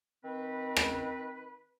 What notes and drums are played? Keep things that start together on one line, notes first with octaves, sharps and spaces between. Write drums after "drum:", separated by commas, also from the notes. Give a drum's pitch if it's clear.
D#3 C4 B4
drum: rim click